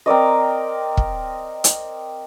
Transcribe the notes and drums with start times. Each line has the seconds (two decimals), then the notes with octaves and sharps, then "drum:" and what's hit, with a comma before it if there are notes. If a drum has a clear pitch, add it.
0.06 C4 A#4 D5 D#5
0.97 drum: kick
1.64 drum: hi-hat